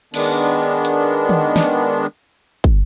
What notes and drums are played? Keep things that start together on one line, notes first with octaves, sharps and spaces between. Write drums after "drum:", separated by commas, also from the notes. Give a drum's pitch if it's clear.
D#3 G#3 B3 D4, drum: cymbal
drum: hi-hat
drum: tom
drum: snare
drum: kick